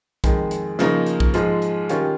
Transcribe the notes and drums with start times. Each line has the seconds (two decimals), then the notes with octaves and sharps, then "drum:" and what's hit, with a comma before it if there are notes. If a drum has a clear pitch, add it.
0.24 F2 D#3 G#3, drum: kick, hi-hat
0.51 drum: hi-hat
0.79 C#3 F3 A#3 D#4, drum: snare
1.06 drum: hi-hat
1.20 drum: kick
1.34 G#2 F3 G#3, drum: hi-hat
1.62 drum: hi-hat
1.89 D#3 G3 C#4 F4, drum: hi-hat